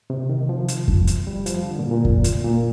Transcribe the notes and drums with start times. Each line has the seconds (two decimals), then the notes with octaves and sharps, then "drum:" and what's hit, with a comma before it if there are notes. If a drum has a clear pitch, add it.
0.10 C3
0.29 D#3
0.49 F3
0.68 drum: hi-hat
0.88 drum: kick F2
1.07 drum: hi-hat
1.27 G3
1.46 F3, drum: hi-hat
1.66 D3
1.79 A#2
1.91 A#2
2.05 drum: kick F2
2.24 drum: hi-hat
2.44 A#2